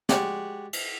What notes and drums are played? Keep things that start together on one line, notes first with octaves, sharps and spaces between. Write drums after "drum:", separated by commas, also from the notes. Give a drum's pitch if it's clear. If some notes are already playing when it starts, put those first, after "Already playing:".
G#3 F#4 G4 D5, drum: snare
drum: cymbal